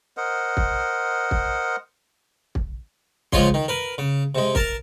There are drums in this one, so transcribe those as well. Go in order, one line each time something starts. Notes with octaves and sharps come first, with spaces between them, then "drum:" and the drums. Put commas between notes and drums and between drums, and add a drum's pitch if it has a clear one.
A#4 C5 D#5 F#5
drum: kick
drum: kick
drum: kick
C#2 F3 G#3 F4 C#5 C6, drum: kick
D#3
A#4 B4
C#3
C3 G#3
A#4 A5 A#5, drum: kick